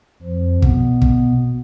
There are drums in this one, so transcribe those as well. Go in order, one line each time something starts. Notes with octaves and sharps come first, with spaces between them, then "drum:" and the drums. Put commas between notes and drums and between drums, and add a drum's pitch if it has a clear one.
F2 F3
B2 B3, drum: kick
drum: kick